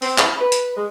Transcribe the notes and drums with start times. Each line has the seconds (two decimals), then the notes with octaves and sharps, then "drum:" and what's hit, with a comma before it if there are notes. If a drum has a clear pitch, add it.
0.02 C4, drum: open hi-hat
0.18 E4, drum: clap
0.39 B4
0.52 drum: hi-hat
0.76 G#3